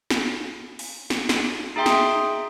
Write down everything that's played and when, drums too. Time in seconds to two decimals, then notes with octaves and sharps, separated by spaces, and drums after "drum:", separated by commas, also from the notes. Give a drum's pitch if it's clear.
0.11 drum: snare
0.79 drum: open hi-hat
1.10 drum: snare
1.29 drum: snare
1.76 D#4 G#4 E5 G5 C6
1.86 drum: snare